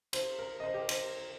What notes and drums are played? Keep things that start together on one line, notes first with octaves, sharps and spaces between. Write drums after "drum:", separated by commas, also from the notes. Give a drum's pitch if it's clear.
C5, drum: cymbal
A#4
D#5
C5
G4
A#4
C5, drum: cymbal